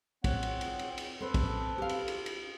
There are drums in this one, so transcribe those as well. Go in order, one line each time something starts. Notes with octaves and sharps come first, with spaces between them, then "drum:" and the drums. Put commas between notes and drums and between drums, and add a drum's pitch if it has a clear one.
C4 C#5 F#5, drum: kick, cymbal
drum: cymbal
drum: cymbal
drum: cymbal
drum: cymbal
C4 A4 B4 C5
drum: kick, cymbal
G4 F5
drum: cymbal
drum: cymbal
drum: cymbal